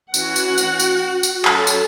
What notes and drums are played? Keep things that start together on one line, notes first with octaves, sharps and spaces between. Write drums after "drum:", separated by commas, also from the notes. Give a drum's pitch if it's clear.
E3 C#4 F#4 F#5, drum: tambourine
drum: tambourine
drum: tambourine
drum: tambourine
drum: tambourine
F#3 C#4 A4 A5, drum: clap
drum: tambourine